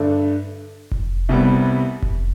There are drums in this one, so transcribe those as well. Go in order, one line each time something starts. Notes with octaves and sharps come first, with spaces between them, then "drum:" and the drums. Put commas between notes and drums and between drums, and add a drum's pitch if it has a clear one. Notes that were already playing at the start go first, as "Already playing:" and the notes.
Already playing: G2 D3 A3 D4
drum: kick F1
C2 C3 G3 B3
drum: kick F1